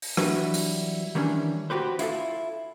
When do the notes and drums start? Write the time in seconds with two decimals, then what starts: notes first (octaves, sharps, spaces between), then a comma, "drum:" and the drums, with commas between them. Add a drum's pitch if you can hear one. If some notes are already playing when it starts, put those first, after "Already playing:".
0.02 drum: open hi-hat
0.17 E3 F#3 G3 D4 E4 F#4, drum: rim click
0.54 drum: open hi-hat
1.15 D#3 E3 G3 C#4 D4
1.70 F#4 G4 B4 C5
1.99 E4 F4 G#4 A4, drum: hi-hat